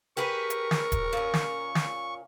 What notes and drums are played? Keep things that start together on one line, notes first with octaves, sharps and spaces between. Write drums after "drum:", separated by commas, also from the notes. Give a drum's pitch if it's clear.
G4 G#4 A#4 B4 C#6
drum: hi-hat
drum: snare
drum: kick D#1, hi-hat
A#2 C#4
drum: snare
drum: snare